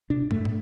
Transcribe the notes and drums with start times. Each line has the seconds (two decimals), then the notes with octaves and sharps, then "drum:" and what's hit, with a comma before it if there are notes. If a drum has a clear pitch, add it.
0.10 C3 D4
0.31 F#2 A3, drum: tom
0.45 drum: tom